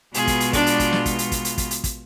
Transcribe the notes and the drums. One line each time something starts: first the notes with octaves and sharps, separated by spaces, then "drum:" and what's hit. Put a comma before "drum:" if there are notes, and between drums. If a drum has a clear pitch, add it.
B2 G#3 B3 F4 G#4, drum: hi-hat
drum: kick, hi-hat
drum: hi-hat
D4 D5, drum: kick, hi-hat
drum: hi-hat
drum: kick, hi-hat
drum: snare
drum: kick, hi-hat
drum: hi-hat
drum: kick, hi-hat
drum: hi-hat
drum: kick, hi-hat
drum: hi-hat
drum: kick, hi-hat